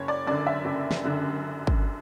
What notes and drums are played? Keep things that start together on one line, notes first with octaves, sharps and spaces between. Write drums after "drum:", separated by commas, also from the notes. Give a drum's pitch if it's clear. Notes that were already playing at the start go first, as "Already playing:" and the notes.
Already playing: F#1 C#5
D5
F#2 D3 D5
E5
F#1
drum: snare
F#2 D3
drum: kick